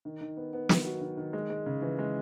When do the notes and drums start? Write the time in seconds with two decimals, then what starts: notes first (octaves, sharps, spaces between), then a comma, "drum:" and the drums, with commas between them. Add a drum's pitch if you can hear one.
0.05 D#3
0.21 D#3
0.37 B3
0.53 B3
0.69 D#3, drum: snare
0.85 F#3
1.01 D#3
1.17 D#3
1.33 G#3
1.50 G#3
1.66 C#3
1.82 E3
1.99 G#3